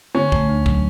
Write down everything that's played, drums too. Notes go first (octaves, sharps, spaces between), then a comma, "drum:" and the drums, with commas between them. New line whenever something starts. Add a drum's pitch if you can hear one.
D3 C#4
A3, drum: kick
D2
F#3, drum: kick